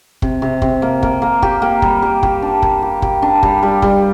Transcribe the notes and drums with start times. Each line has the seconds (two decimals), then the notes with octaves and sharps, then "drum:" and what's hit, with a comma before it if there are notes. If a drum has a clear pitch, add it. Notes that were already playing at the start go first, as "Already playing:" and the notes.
0.22 C3, drum: kick
0.42 C3
0.62 C3, drum: kick
0.82 A#3
1.03 A#3, drum: kick
1.22 A#3
1.42 G4, drum: kick
1.62 A#3
1.82 G3, drum: kick
2.02 G3
2.23 G4, drum: kick
2.42 D4
2.62 A#3, drum: kick
2.83 G4
3.02 G4, drum: kick
3.22 D4
3.43 G3, drum: kick
3.63 G3
3.82 G3, drum: kick